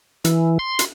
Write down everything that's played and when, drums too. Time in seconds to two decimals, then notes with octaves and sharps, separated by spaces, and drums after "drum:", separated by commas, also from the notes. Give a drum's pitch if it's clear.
0.25 E3, drum: hi-hat
0.59 C6
0.79 drum: hi-hat